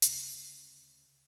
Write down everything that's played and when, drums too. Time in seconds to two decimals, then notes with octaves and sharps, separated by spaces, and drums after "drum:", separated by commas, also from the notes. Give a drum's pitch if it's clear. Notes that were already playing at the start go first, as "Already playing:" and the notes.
0.02 D2 C#3, drum: hi-hat